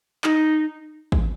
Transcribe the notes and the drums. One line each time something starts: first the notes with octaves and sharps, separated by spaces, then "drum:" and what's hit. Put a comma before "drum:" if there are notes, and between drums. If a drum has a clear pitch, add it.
D#4, drum: clap
drum: kick